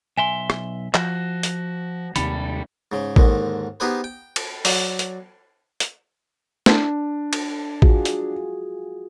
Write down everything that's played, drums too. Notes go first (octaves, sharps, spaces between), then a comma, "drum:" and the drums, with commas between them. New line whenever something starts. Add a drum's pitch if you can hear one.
B1 E5 G#5 C6
drum: rim click
F3 F#4, drum: clap
drum: hi-hat
D#2 C3 D#3 G3 A4 B5, drum: hi-hat
G#2 C#3
D#2 G#2 D3 D#3, drum: kick A1
B3 D#4 G4 G#4 B4 C5
G5
drum: cymbal
F#3 D5, drum: open hi-hat
drum: hi-hat
drum: hi-hat
D4, drum: snare
drum: cymbal
F4 F#4 G#4, drum: kick A1
drum: hi-hat